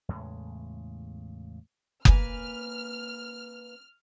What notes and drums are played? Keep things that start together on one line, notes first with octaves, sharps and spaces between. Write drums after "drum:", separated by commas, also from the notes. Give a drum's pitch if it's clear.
E2 A2 C#3 G#3
A#3 B4 G#5 F6, drum: kick F#1